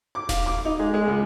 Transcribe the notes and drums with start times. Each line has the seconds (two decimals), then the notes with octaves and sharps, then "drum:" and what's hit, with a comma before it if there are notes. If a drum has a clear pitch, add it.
0.15 D6
0.29 F5, drum: snare D#1
0.46 D6
0.65 D#4
0.79 G#3
0.94 G#3
1.08 C#2